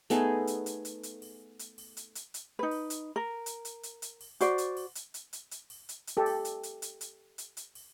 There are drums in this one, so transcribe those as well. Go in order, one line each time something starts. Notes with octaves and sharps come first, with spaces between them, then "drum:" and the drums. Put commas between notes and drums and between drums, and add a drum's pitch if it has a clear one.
A3 B3 D#4 G#4, drum: hi-hat
drum: hi-hat
drum: hi-hat
drum: hi-hat
drum: hi-hat
drum: open hi-hat
drum: hi-hat
drum: open hi-hat
drum: hi-hat
drum: hi-hat
drum: hi-hat
D#4 B4
drum: open hi-hat
drum: hi-hat
A#4
drum: hi-hat
drum: hi-hat
drum: hi-hat
drum: hi-hat
drum: open hi-hat
F#4 C5 D5, drum: hi-hat
drum: hi-hat
drum: open hi-hat
drum: hi-hat
drum: hi-hat
drum: hi-hat
drum: hi-hat
drum: open hi-hat
drum: hi-hat
drum: hi-hat
G4 A4
drum: open hi-hat
drum: hi-hat
drum: hi-hat
drum: hi-hat
drum: hi-hat
drum: hi-hat
drum: hi-hat
drum: open hi-hat